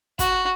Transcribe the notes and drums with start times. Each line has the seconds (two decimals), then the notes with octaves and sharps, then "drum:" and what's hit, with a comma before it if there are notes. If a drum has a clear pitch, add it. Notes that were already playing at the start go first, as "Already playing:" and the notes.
0.19 F#4, drum: kick, hi-hat